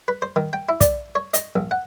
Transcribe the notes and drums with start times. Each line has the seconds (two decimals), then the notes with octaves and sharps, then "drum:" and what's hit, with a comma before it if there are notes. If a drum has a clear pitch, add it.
0.08 B4
0.22 C5
0.36 D#3
0.53 G5
0.69 E4
0.81 D5, drum: kick, hi-hat
1.15 C#5
1.34 D#5, drum: hi-hat
1.56 A#1
1.71 F#5